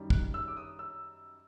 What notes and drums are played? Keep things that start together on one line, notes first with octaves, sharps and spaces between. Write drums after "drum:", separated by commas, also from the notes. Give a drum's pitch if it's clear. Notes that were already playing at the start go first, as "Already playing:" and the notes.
Already playing: F#2 D#3 G3
F#6, drum: kick
E6
D6
D#6
E6